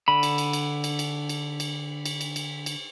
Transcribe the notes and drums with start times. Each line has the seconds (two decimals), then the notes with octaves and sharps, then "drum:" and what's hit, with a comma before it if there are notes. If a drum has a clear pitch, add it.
0.08 D3 B5
0.23 drum: cymbal
0.38 drum: cymbal
0.53 drum: cymbal
0.84 drum: cymbal
0.99 drum: cymbal
1.29 drum: cymbal
1.60 drum: cymbal
2.06 drum: cymbal
2.21 drum: cymbal
2.36 drum: cymbal
2.66 drum: cymbal